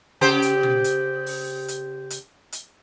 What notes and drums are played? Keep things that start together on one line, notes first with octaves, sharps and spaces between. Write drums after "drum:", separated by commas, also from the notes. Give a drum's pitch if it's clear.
C#3 G4 C5
drum: hi-hat
drum: tom
drum: hi-hat
drum: open hi-hat
drum: hi-hat
drum: hi-hat
drum: hi-hat